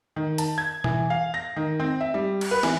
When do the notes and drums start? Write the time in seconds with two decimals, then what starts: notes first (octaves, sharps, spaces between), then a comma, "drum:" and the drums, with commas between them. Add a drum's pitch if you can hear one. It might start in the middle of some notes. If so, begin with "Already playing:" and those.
0.16 D#3
0.38 A5, drum: hi-hat
0.58 G#6
0.84 E3, drum: tom B2
1.10 F5
1.34 A#6
1.56 D#3
1.80 C4
2.01 E5
2.14 G3
2.41 drum: cymbal
2.51 B4
2.63 E3, drum: snare